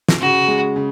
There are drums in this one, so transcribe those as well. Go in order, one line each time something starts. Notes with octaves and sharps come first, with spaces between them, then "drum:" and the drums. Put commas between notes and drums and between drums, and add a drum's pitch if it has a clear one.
drum: snare
C#3 F#4
G#3
C#3